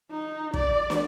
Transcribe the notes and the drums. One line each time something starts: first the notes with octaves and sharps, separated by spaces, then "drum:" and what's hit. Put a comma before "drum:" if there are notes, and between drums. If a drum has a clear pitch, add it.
D#4
D5, drum: kick
drum: snare